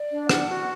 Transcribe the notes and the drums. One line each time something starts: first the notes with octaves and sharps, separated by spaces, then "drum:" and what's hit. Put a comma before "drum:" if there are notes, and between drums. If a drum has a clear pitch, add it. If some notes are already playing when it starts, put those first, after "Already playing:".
Already playing: D5
D4
F#5, drum: rim click
F#4